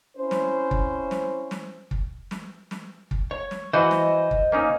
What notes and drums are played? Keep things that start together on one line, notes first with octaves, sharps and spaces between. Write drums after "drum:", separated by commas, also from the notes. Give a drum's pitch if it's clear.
C4 C#4 E4 C5
drum: snare
drum: kick
drum: snare
drum: snare
drum: kick
drum: snare
drum: snare
drum: kick
C#5
drum: snare
E3 F#4 C5 D#5
drum: snare
drum: kick
A#3 C#4 D#4